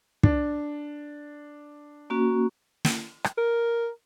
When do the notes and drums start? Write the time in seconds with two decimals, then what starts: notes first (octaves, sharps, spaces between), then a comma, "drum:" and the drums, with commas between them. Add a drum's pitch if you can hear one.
0.23 D4, drum: kick
2.10 A#3 C#4 F#4
2.85 drum: snare
3.24 drum: rim click
3.37 A#4